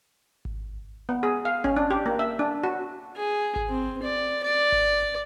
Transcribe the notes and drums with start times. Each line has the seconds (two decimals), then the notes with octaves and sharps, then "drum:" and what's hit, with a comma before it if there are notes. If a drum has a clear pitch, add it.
0.45 drum: kick G#1
1.09 B3
1.23 G#4
1.45 F5
1.64 C#4, drum: kick G#1
1.76 D4
1.91 G4
2.06 A#3
2.19 E5
2.39 D4
2.64 F#4
3.16 G#4
3.56 drum: kick G#1
3.69 C4
4.03 D5
4.44 D5
4.72 drum: kick G#1